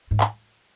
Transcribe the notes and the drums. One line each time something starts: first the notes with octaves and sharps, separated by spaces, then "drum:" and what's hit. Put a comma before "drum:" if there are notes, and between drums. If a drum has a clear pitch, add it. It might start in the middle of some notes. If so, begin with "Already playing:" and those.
G#2
drum: clap